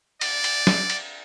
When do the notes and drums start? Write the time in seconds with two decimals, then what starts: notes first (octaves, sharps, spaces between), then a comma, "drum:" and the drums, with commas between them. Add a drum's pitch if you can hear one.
0.21 D5, drum: cymbal
0.44 drum: cymbal
0.67 drum: snare
0.90 drum: cymbal